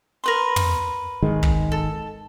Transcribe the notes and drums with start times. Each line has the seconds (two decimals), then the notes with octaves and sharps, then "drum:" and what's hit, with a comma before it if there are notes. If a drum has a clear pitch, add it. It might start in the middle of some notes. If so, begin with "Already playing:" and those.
0.24 A#4 B4 C6
0.56 drum: tom
1.22 G#1 D#3 G#3
1.43 drum: kick
1.72 A4